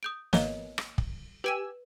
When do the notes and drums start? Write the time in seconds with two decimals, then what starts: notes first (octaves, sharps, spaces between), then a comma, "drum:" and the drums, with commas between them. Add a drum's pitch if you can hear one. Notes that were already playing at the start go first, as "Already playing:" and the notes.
0.03 D#6 G6 D7
0.33 G#1 A#3 C#5 D#5 G7, drum: snare
0.78 drum: rim click
0.98 drum: kick
1.44 G4 B4 G#5 E6 D7 D#7